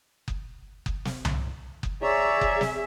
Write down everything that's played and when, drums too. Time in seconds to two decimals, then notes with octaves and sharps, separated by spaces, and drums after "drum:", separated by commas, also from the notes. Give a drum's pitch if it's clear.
0.28 drum: kick F#1
0.86 drum: kick F#1
1.05 drum: snare
1.25 drum: tom C2
1.83 drum: kick F#1
2.02 G#4 C#5 D5 E5 A#5
2.41 drum: kick F#1
2.61 drum: snare